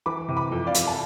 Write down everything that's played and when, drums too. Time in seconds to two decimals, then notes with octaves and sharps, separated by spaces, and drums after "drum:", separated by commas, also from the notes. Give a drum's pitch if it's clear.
0.06 E3 B5 D6
0.28 C3
0.37 B5 D6
0.52 F2
0.67 D5 F5
0.75 F2, drum: hi-hat
0.87 A5